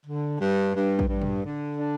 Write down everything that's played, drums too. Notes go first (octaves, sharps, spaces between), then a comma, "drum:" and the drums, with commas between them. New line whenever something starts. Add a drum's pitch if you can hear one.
D3
G2
G2
drum: kick
G2
drum: tom
D3
D4